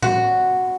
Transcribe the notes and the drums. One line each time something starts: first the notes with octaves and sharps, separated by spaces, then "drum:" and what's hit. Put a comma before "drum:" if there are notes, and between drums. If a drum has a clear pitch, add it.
F#4, drum: tom A2